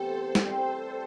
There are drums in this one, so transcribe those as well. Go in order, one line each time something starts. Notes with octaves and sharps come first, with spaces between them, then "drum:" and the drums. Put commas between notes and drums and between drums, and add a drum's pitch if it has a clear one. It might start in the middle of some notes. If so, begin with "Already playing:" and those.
Already playing: C3 E3 A3 B3 E4 A4 C5
drum: snare
C3 G3 C4 E4